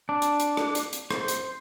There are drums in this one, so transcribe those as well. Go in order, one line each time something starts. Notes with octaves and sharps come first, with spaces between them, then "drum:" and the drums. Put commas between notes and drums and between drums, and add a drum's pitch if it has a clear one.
D4
drum: hi-hat
drum: hi-hat
drum: rim click
drum: hi-hat
drum: hi-hat
C5, drum: rim click
drum: hi-hat